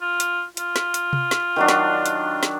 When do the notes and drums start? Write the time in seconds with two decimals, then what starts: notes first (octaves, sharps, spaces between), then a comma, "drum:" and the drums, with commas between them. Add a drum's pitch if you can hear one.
0.01 F4
0.20 drum: hi-hat
0.57 F4, drum: hi-hat
0.76 drum: snare
0.94 drum: hi-hat
1.13 drum: tom C3
1.31 drum: snare
1.56 D#3 F#3 D4
1.68 drum: snare
2.06 drum: hi-hat
2.43 drum: snare